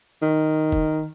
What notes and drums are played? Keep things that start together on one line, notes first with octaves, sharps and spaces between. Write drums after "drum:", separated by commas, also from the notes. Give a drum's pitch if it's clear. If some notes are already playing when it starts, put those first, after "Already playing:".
D#3
drum: kick